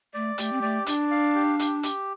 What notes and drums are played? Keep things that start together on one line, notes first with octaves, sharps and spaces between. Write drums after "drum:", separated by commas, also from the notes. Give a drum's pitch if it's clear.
A3 D5
A3 G4, drum: hi-hat
C4
A3 D5
D4 D5, drum: hi-hat
F5
G4
G4, drum: hi-hat
G4, drum: hi-hat